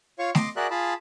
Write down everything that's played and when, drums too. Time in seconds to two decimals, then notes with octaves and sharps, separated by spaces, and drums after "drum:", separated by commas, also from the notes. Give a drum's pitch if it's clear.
0.19 F4 C#5 F5 C#6
0.35 D#5 C6 D6, drum: snare A3
0.56 F#4 G#4 A#4 D5 E5 F#6
0.71 F4 G#4 A5 B5